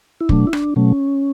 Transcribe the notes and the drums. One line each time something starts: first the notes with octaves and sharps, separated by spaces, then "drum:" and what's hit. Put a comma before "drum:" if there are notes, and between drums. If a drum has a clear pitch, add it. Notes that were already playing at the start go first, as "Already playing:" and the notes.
E4
B2 F#3 A3 D4, drum: kick
E4
D4, drum: rim click
B2 F#3 A3 C#4